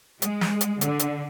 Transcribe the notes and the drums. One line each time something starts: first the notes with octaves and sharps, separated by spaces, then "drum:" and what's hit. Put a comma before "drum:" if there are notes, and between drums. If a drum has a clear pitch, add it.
G#3, drum: hi-hat
drum: snare
drum: hi-hat
D3, drum: hi-hat
drum: hi-hat